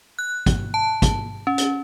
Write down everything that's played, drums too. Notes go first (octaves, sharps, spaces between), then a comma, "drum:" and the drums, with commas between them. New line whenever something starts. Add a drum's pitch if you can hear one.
F#6
drum: kick, hi-hat
A5
drum: kick, hi-hat
C#4
drum: hi-hat